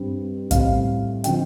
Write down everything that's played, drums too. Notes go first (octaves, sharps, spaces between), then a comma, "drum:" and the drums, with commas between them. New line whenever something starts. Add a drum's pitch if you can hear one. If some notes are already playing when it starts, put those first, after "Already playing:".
Already playing: G2 G3 C4
A2 G3 C4 F5, drum: kick, hi-hat
D3 F3 C4 G5, drum: hi-hat